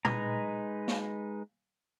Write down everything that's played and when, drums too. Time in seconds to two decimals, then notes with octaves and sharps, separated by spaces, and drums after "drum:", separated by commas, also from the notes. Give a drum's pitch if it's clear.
0.05 G#3 D#4 B4 A#5, drum: tom A#2
0.88 drum: snare